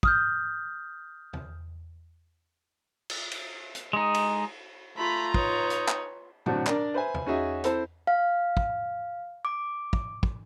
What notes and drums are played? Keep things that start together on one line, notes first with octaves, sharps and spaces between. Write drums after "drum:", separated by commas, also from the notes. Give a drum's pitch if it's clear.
D#6 F6 G6, drum: kick
drum: tom E2
drum: cymbal
drum: cymbal
drum: hi-hat
G#3 D#4
drum: cymbal
A3 F4 A#5 B5 B6
D#4 B4 C#5, drum: kick
drum: hi-hat
drum: clap
A2 D3 F#3 C4 D4, drum: tom
D4 A#4 D5, drum: clap
B4 C5 E5 G#5
drum: tom E2
C#4 D#4 F#4 G#4 E5
C4 E4 A4 C5, drum: hi-hat
F5
drum: kick
D6
drum: kick
drum: kick